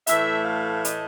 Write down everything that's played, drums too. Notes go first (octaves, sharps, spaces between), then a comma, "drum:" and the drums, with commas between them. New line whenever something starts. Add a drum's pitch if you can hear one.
A2 E3 A3 E5, drum: hi-hat
F5
D#5, drum: hi-hat